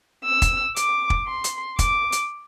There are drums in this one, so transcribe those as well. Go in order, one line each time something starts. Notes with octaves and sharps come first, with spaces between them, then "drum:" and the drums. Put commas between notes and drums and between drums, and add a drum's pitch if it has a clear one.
E6
drum: kick, hi-hat
D6, drum: hi-hat
drum: kick
C6
drum: hi-hat
D6, drum: kick, hi-hat
drum: hi-hat